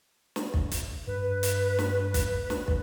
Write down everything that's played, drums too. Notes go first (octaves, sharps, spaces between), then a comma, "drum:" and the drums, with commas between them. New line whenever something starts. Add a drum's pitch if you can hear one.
drum: snare
drum: kick
drum: hi-hat
G2 B4
drum: hi-hat
drum: snare
drum: kick, hi-hat
drum: snare
drum: kick